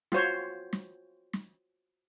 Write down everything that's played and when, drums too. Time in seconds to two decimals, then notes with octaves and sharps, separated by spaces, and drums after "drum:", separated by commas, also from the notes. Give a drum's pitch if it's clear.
0.12 F4 F#4 C5 C#5, drum: snare
0.73 drum: snare
1.33 drum: snare